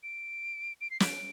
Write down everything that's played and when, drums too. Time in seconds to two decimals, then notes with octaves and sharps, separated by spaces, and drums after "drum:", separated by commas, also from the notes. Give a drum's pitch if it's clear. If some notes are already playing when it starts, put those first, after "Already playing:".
0.03 D7
0.81 D7
0.91 C7
1.00 D7, drum: snare